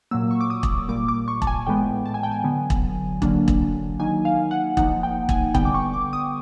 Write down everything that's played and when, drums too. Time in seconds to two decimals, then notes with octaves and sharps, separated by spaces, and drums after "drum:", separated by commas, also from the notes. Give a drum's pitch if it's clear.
0.11 A#2 F#3 A#3 E6
0.31 C#6
0.41 D6
0.50 D#6
0.63 drum: kick E1
0.89 A#2 G3 A#3 D6
1.08 D6
1.28 C#6
1.42 A5, drum: kick E1
1.47 G#5
1.67 A2 E3 G#3 B3 G5
2.06 A5
2.14 G#5
2.23 G5
2.32 G#5
2.44 D3 F#3 B3
2.70 drum: kick E1
3.22 D3 F#3 A#3 D4, drum: kick E1
3.48 drum: kick E1
3.99 D#3 F#3 A#3 D#4 G#5
4.25 F5
4.51 F#5
4.77 F3 A#3 D#4 F#5, drum: kick E1
5.03 G5
5.29 G#5, drum: kick E1
5.55 D3 G3 B3 G5, drum: kick E1
5.65 D6
5.74 C#6
5.93 D6
6.13 D#6